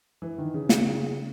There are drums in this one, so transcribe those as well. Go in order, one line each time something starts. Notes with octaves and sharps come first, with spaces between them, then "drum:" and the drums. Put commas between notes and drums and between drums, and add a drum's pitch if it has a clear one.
E3
D#3
C#3
C#3, drum: snare
C#3